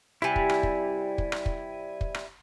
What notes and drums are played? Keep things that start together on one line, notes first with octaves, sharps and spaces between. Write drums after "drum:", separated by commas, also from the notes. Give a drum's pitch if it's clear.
C3 G3 E4 G#5
drum: kick
drum: rim click
drum: kick
drum: kick
drum: rim click
drum: kick
drum: kick
drum: rim click